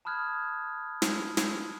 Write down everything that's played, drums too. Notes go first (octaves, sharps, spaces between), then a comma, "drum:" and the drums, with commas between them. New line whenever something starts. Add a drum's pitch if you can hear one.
A5 B5 D#6 F6 F#6 G#6
drum: snare
drum: snare